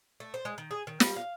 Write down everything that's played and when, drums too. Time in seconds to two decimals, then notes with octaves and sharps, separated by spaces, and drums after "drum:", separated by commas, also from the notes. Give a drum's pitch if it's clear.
0.20 A3
0.34 C5
0.45 G#3
0.58 D#3
0.71 G#4
0.87 D#3
1.00 G3, drum: snare
1.16 F5